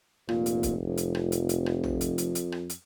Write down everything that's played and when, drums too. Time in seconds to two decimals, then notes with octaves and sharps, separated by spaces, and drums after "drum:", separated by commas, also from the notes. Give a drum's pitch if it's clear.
0.29 F1 A#2, drum: rim click
0.46 drum: hi-hat
0.63 drum: kick, hi-hat
0.87 F2
0.97 drum: hi-hat
1.15 drum: rim click
1.32 drum: hi-hat
1.49 drum: hi-hat
1.66 drum: rim click
1.83 drum: tom A#1
2.01 drum: hi-hat
2.18 drum: hi-hat
2.35 drum: hi-hat
2.52 drum: rim click
2.69 drum: hi-hat